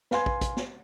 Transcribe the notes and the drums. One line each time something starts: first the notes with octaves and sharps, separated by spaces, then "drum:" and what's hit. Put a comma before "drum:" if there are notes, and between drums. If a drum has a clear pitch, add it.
B4 F5 G#5 C6 G#6, drum: snare
drum: kick
drum: kick, hi-hat
drum: snare